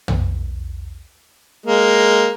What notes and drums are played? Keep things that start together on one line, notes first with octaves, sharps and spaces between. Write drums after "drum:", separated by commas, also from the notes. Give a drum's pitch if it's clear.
drum: tom
G#3 A#3